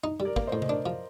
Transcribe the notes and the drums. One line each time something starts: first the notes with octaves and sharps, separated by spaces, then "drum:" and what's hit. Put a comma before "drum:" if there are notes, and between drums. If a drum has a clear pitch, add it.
D#4
G3
A#4 D5
A#3, drum: kick
C5 D#5
A2
D#5, drum: tom C3
D4 A#4 D5
F3